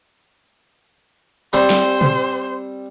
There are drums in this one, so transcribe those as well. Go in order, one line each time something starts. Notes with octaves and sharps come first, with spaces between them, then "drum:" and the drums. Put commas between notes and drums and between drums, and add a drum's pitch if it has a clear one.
G3 C4 C5 C6
drum: snare
drum: tom